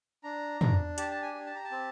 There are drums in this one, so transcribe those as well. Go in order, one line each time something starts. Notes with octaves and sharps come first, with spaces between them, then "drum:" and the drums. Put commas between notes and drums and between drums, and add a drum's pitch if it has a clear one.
D4 A#5
D4, drum: tom
G4 A5, drum: hi-hat
A5
G#5
G4
A5
A#5
A5
C4